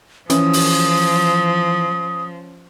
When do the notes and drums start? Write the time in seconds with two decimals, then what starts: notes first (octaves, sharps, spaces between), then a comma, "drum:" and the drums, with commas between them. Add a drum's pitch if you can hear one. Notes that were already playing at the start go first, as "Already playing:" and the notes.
0.30 E3 F3 C#4 D#6, drum: hi-hat
0.53 drum: open hi-hat